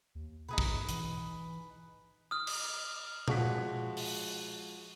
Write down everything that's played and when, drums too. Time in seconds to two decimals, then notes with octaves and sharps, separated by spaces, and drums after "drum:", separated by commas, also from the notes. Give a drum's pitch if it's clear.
0.15 D#2
0.48 B2 D#4 G#4 B4
0.58 drum: kick
0.89 E3, drum: hi-hat
2.31 D#6 F6
2.47 drum: cymbal
3.28 F3 G#3 F#4 C#6 B6, drum: tom A#2
3.97 drum: open hi-hat